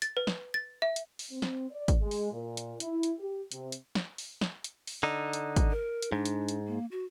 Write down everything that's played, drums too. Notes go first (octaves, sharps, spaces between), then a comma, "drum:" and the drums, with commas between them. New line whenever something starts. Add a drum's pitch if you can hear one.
A6, drum: hi-hat
B4
drum: snare
A6
E5
drum: hi-hat
drum: open hi-hat
C4
drum: snare
D5
drum: kick, hi-hat
G#3
drum: open hi-hat
A#2
drum: hi-hat
E4, drum: hi-hat
drum: hi-hat
G4
C3, drum: hi-hat
drum: hi-hat
drum: snare
drum: open hi-hat
drum: snare
drum: hi-hat
drum: open hi-hat
D3 D#4
drum: hi-hat
drum: kick, hi-hat
A#4
drum: hi-hat
G#2 D4
drum: hi-hat
drum: hi-hat
A#3
F#4